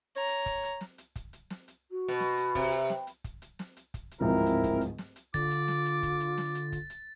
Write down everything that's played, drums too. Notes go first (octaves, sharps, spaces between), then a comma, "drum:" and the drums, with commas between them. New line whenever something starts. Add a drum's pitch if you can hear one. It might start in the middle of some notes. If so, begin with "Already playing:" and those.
C#5 A#5
drum: hi-hat
drum: kick, hi-hat
drum: hi-hat
drum: snare
drum: hi-hat
drum: kick, hi-hat
drum: hi-hat
drum: snare
drum: hi-hat
F#4
B2
drum: snare
drum: hi-hat
C3, drum: kick, hi-hat
drum: hi-hat
G5, drum: snare
drum: hi-hat
drum: kick, hi-hat
drum: hi-hat
drum: snare
drum: hi-hat
drum: kick, hi-hat
drum: hi-hat
D1 G#2 F3 C4 E4 A#4
drum: hi-hat
drum: kick, hi-hat
drum: hi-hat
drum: snare
drum: hi-hat
D3 F4 D6 A6, drum: kick, hi-hat
drum: hi-hat
drum: snare
drum: hi-hat
drum: kick, hi-hat
drum: hi-hat
drum: snare
drum: hi-hat
drum: kick, hi-hat
drum: hi-hat